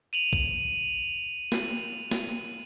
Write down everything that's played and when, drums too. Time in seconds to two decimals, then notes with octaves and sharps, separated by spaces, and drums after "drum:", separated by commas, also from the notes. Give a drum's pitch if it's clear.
0.13 D#7 F7 F#7
0.33 drum: kick
1.52 drum: snare
2.11 drum: snare